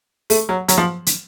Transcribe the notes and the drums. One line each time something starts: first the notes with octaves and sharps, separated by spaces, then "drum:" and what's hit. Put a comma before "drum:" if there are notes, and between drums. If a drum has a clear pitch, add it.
A3, drum: open hi-hat
F#3
F#3, drum: hi-hat
F3
drum: hi-hat